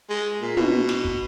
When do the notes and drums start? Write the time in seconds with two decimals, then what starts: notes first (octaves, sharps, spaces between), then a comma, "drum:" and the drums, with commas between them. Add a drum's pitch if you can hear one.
0.10 G#3
0.41 A#2
0.57 B2, drum: tom
0.89 drum: snare
1.05 drum: kick